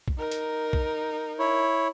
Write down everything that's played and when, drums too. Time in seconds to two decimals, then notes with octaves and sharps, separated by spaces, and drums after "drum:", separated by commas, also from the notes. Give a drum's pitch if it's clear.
0.08 drum: kick B1
0.18 D#4 A#4
0.31 drum: hi-hat
0.73 drum: kick B1
1.39 E4 C#5